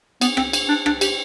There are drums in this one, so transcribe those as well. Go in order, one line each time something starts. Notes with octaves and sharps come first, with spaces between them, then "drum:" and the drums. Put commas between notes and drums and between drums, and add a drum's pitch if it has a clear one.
B3, drum: cymbal
C4, drum: rim click
drum: cymbal
D4
D4, drum: rim click
G4, drum: cymbal